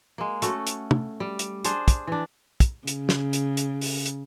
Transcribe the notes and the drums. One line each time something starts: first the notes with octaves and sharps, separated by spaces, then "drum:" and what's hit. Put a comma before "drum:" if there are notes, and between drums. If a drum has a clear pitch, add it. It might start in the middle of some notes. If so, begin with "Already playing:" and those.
G#3 A#3
A3 C#4 F#4, drum: hi-hat
drum: hi-hat
drum: tom
G3
drum: hi-hat
D4 G#4 C5, drum: hi-hat
drum: kick, hi-hat
E3 D4
drum: kick, hi-hat
C#3, drum: hi-hat
drum: snare
drum: hi-hat
drum: hi-hat
drum: open hi-hat
drum: hi-hat